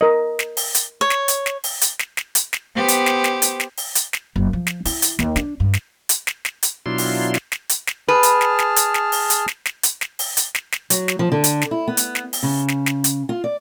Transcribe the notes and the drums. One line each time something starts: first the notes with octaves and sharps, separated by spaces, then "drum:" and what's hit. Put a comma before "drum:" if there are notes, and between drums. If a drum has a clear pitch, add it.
A#4 D#5
drum: snare
drum: open hi-hat
drum: hi-hat
C#5
drum: snare
drum: hi-hat
drum: snare
drum: open hi-hat
drum: hi-hat
drum: snare
drum: snare
drum: hi-hat
drum: snare
B3 G4 C5
drum: hi-hat
drum: snare
drum: snare
drum: hi-hat
drum: snare
drum: open hi-hat
drum: hi-hat
drum: snare
F#1
F3
drum: snare
E4, drum: open hi-hat
drum: hi-hat
D#2, drum: snare
D4, drum: snare
G2
drum: snare
drum: hi-hat
drum: snare
drum: snare
drum: hi-hat
B2 F#3 D4 E4 F4 C6
drum: open hi-hat
drum: snare
drum: snare
drum: hi-hat
drum: snare
G#4 B4 A5 F6
drum: hi-hat
drum: snare
drum: snare
drum: hi-hat
drum: snare
drum: open hi-hat
drum: hi-hat
drum: snare
drum: snare
drum: hi-hat
drum: snare
drum: open hi-hat
drum: hi-hat
drum: snare
drum: snare
F#3, drum: hi-hat
drum: snare
F3
D3
drum: hi-hat
drum: snare
E4
B3
drum: hi-hat
drum: snare
drum: open hi-hat
C#3
drum: snare
drum: snare
drum: hi-hat
F4
D5